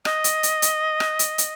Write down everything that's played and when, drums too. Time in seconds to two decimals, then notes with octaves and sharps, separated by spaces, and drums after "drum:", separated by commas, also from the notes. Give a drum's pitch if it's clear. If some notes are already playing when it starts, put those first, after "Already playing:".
0.05 D#5, drum: rim click
0.24 drum: hi-hat
0.43 drum: hi-hat
0.62 drum: hi-hat
1.00 drum: rim click
1.19 drum: hi-hat
1.38 drum: hi-hat